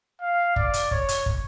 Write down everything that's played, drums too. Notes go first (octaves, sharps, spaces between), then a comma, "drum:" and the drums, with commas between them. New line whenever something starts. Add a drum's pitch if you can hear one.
F5
D5, drum: kick
drum: hi-hat
C#5, drum: kick
drum: hi-hat
drum: kick